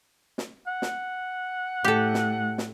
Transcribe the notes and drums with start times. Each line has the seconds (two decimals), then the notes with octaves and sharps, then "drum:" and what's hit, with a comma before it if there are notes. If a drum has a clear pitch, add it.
0.38 drum: snare
0.67 F#5
0.82 drum: snare
1.84 A2 G4 A4
2.14 drum: snare
2.58 drum: snare